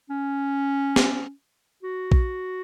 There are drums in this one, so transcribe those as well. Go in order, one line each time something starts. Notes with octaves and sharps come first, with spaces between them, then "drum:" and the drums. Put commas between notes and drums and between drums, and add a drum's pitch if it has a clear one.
C#4
drum: snare
F#4
drum: kick A#1